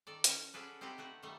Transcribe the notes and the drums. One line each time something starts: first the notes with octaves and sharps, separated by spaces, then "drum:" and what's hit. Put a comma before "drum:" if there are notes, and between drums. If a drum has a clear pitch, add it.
D#3 A4 D5
C#4, drum: hi-hat
C#4 F#4 G#4 A4 B4 D5
C4 D#4 E4 G4 A4 B4
A3 F#4 B4
D#3 G3 A3